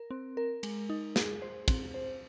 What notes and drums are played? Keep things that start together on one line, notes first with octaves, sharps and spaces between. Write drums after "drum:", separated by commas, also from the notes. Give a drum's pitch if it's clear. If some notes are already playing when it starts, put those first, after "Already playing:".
Already playing: A#4
C4
A#4
G#3, drum: cymbal
D#4
G#4, drum: snare
C5
C4, drum: kick, cymbal
C5